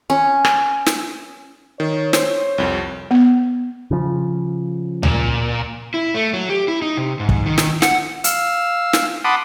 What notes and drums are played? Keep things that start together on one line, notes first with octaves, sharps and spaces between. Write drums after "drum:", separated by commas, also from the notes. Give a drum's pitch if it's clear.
C#4
drum: rim click
drum: snare
D#3 C#5
C5, drum: snare
C2 F2
B3
C#3 F3
A#2, drum: tom C#2
E4
A3
F#3
G4
E4
D#4
C3
G#2
drum: kick
D#3
drum: snare
F#5, drum: snare
F5 E6, drum: hi-hat
drum: snare
F#5 A5 B5 C6 D6 D#6